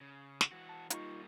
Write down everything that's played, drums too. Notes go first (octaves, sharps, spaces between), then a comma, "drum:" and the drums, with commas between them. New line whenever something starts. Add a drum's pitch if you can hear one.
C#3
drum: snare
E3 F#4
A5
G3 A#3 D#4 F4 C#6, drum: hi-hat